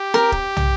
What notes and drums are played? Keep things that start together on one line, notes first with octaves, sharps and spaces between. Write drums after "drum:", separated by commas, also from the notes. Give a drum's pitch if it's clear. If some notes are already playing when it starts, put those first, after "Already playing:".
Already playing: G4
A#4, drum: snare C4
drum: kick
drum: tom